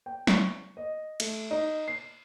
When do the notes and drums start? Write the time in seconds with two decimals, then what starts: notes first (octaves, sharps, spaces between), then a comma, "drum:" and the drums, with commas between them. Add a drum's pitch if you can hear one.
0.06 G5
0.27 C#6, drum: snare
0.77 D#5
1.20 A3, drum: cymbal
1.51 D#4
1.88 C7